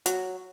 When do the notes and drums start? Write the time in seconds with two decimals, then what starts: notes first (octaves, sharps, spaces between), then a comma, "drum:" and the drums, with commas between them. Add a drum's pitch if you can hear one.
0.06 F#3, drum: hi-hat